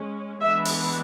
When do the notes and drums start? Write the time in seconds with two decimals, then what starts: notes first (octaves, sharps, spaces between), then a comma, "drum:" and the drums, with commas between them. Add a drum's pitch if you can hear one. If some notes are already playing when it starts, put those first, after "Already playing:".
Already playing: G#3 C#4
0.41 E3 G#3 B3 D4 E5
0.65 drum: open hi-hat